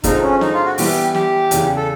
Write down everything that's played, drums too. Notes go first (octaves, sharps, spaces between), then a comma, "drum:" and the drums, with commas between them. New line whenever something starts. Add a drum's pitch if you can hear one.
G2 D3 F3 G#3 C4 D#4, drum: kick, hi-hat
C#4
D#4, drum: snare
F4
F#4
E3 G3 B3 E4 G4, drum: open hi-hat
G4, drum: snare
E2 C#3 E3, drum: hi-hat
A4